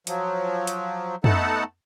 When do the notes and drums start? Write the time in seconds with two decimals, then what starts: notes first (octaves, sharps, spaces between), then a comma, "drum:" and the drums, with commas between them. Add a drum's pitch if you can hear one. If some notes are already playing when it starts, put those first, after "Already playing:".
0.07 F3 F#3, drum: hi-hat
0.67 drum: hi-hat
1.24 A3 B3 D#4 A4 F#5 A5, drum: tom